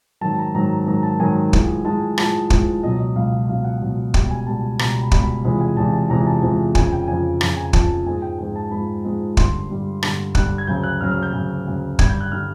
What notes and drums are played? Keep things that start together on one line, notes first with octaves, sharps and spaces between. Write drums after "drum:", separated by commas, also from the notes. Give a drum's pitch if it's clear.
G#2 D#3 F#3 A5
A#5
G#2 D#3 F#3 A#5
G#2 D#3 F#3 A#5
A5
G#2 D#3 F#3 G#5
A2 F3 G#3, drum: kick
A2 F3 G#3 A5
A2 F3 G#3 A5, drum: rim click
A2 F3 G#3, drum: kick
C#2 B2 F#3 D#5
D#5
C#2 B2 F#3 F5
C#2 B2 F#3 F5
F#5
C#2 B2 F#3
C#2 B2 G3 G5, drum: kick
G#5
C#2 B2 G3 A5
C#2 B2 G3 A#5, drum: rim click
B5
C#2 B2 G3 B5, drum: kick
E2 C3 F3 G#3 B5
G#5
E2 C3 F3 G#3 A5
A5
E2 C3 F3 G#3 A#5
A5
E2 C3 F3 G#3
F2 C#3 F3 G#5, drum: kick
G5
F2 C#3 F3 G#5
F2 C#3 F3 A#5, drum: rim click
G#5
F2 C#3 F3 A5, drum: kick
G#2 F3 G#3 G#5
G5
G#2 F3 G#3 G5
A5
G#2 F3 G#3 B5
G#2 F3 G#3
G2 D3 G3 C6, drum: kick
G2 D3 G3
G2 D3 G3, drum: rim click
G2 D3 G3 F#6, drum: kick
G#6
D2 C#3 F#3 G6
F#6
D2 C#3 F#3 F6
F6
G6
D2 C#3 F#3
D2 C#3 F#3
G2 D3 G3 G#6, drum: kick
G6
F#6
D3 G3 F6